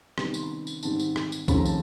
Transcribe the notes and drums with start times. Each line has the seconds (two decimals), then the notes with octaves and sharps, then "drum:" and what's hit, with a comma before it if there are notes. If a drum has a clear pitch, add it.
0.18 C3 D#3 G3 B3 A#5, drum: rim click
0.34 C6, drum: tambourine
0.43 B5
0.67 drum: tambourine
0.83 G#2 D#3 G3 C4 A5, drum: tambourine
1.00 drum: tambourine
1.16 drum: rim click
1.32 drum: tambourine
1.48 D#2 C#3 F3 A3 C4 B5, drum: kick B1, tambourine
1.56 A#5
1.65 A5, drum: tambourine